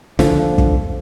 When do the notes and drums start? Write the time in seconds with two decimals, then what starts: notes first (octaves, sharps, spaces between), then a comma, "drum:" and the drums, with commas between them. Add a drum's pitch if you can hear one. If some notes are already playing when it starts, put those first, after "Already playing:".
0.19 D3 F3, drum: snare
0.58 drum: kick